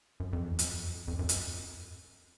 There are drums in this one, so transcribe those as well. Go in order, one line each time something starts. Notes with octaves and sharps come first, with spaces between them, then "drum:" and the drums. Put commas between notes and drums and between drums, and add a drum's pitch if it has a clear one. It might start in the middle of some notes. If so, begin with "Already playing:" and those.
F#2
F2
E2
F2, drum: hi-hat
F2
F#2
drum: hi-hat